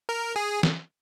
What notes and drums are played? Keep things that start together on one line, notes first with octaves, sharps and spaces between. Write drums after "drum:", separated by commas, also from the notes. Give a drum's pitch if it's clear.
A#4
G#4
drum: snare